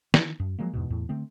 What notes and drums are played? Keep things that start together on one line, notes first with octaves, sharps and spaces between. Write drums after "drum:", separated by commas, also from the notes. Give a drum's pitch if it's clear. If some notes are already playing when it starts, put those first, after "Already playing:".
D#3, drum: snare
F#2
F3 F#3 G#3 A#3
E2 G#2 B2
E2 A2
D3 A3 C4